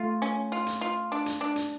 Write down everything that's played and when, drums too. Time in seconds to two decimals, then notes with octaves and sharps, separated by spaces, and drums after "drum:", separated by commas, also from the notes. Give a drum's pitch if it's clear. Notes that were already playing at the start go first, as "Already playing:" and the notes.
Already playing: A3 F4
0.22 C#4
0.52 F4
0.66 drum: hi-hat
0.81 F4
1.12 D4
1.26 drum: hi-hat
1.41 D4
1.56 drum: hi-hat